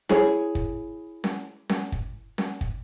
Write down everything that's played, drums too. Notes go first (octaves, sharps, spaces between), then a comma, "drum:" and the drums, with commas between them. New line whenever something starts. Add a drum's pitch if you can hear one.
E4 G#4 C#5, drum: snare C#4
drum: kick
drum: snare C#4
drum: snare C#4
drum: kick
drum: snare C#4
drum: kick